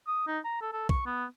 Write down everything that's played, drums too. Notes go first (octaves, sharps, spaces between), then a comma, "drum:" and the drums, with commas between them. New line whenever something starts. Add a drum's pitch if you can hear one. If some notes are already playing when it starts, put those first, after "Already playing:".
D#6
D#4
A#5
A4
A4
C#6, drum: kick
B3